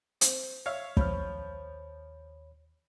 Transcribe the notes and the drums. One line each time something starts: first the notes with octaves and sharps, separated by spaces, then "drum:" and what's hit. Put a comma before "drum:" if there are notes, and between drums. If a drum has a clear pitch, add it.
C4, drum: hi-hat
C#5 E5 F5
D#2 F3 C#5 B5 F6, drum: kick